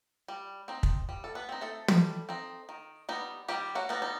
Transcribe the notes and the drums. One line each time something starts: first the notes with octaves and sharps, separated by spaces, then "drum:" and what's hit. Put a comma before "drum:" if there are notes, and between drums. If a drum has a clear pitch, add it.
G3
C4 D#4
drum: kick
G3
A4
B3 B4
C4 D#4
A3 A4
G3, drum: tom
C4 D#4
D#3
G3 B3 D#4
D#3 G3 G4
F#3 F#4
G3 B3 D#4
D#4